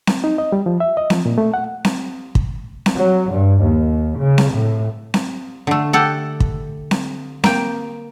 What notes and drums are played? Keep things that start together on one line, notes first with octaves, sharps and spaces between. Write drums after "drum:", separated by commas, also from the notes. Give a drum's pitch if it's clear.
drum: snare C4
D#4
D#5
G3
F3
E5
D#5
F3, drum: snare C4
A#2
A3
F#5
drum: snare C4
drum: kick
drum: snare C4
F#3
G2
D#2
C#3
drum: snare C4
A2
drum: snare C4
D3 A3
G4 A4 F#5
drum: kick
drum: snare C4
A#3 G5, drum: snare C4